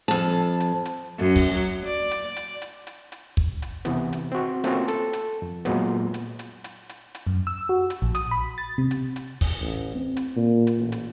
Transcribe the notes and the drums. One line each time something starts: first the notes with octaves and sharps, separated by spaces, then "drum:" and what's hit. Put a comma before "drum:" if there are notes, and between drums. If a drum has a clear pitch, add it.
F2 A5
drum: hi-hat
drum: hi-hat
F#2
drum: kick, open hi-hat
F#3
D5
drum: hi-hat
drum: hi-hat
drum: hi-hat
drum: hi-hat
drum: hi-hat
drum: kick
drum: hi-hat
C3 E3 B3, drum: hi-hat
drum: hi-hat
C4 F#4
A3 A#3 C4 C#4 F4 F#4, drum: hi-hat
A4, drum: hi-hat
drum: hi-hat
F2
A#2 F#3 G#3 A#3 B3, drum: hi-hat
drum: hi-hat
drum: hi-hat
drum: hi-hat
drum: hi-hat
drum: hi-hat
F#2
E6
F#4
drum: hi-hat
A#1
D#6, drum: hi-hat
B5
A6
C3
drum: hi-hat
drum: hi-hat
drum: kick, open hi-hat
A1
C4
drum: hi-hat
A#2
drum: hi-hat
A1
drum: hi-hat